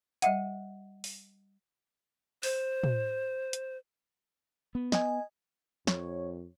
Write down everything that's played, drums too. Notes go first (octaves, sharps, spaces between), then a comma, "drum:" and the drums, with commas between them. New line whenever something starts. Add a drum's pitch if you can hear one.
G3 D#5 E5 F#5, drum: hi-hat
drum: open hi-hat
C5, drum: open hi-hat
drum: tom
drum: hi-hat
B3
D#5 G#5, drum: snare
F2 C#5, drum: snare